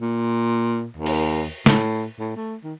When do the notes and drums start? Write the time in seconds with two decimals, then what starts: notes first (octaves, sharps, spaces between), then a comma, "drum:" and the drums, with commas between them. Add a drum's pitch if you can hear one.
0.01 A#2
0.97 D#2
1.06 drum: cymbal
1.66 A2, drum: snare
2.19 A2
2.36 A3
2.64 D#3